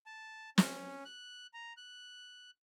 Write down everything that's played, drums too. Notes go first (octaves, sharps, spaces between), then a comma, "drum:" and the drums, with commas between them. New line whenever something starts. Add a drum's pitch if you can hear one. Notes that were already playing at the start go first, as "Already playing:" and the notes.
A5
C#4, drum: snare
F#6
A#5
F#6